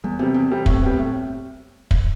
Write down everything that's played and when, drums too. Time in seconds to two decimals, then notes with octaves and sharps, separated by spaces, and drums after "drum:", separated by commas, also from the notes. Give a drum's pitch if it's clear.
0.04 E2 G3
0.19 C3 G3 B3
0.34 E2 C4
0.50 C3 G3
0.66 A2, drum: kick
0.82 G3 B3
0.98 A2
1.91 drum: kick